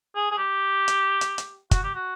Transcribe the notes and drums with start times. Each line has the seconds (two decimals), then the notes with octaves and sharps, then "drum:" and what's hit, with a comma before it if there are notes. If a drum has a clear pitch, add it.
0.15 G#4
0.31 G#4
0.38 G4
0.88 drum: hi-hat
1.21 drum: hi-hat
1.38 drum: hi-hat
1.71 F#4, drum: kick, hi-hat
1.83 G4
1.94 F#4